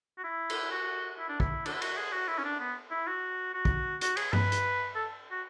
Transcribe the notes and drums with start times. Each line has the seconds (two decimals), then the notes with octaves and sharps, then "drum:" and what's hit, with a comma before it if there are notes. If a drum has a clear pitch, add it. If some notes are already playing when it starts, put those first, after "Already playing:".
0.18 F#4
0.24 E4
0.50 drum: cymbal
0.71 F#4
1.19 E4
1.29 D4
1.40 E4, drum: kick
1.66 D4, drum: cymbal
1.73 E4
1.82 F#4, drum: cymbal
1.97 G#4
2.13 F#4
2.28 E4
2.38 C#4
2.44 D4
2.60 B3
2.91 E4
3.07 F#4
3.54 F#4
3.65 drum: kick
4.01 F#4, drum: hi-hat
4.17 G#4, drum: cymbal
4.33 B4, drum: tom G2
4.52 drum: hi-hat
4.96 A4
5.31 F#4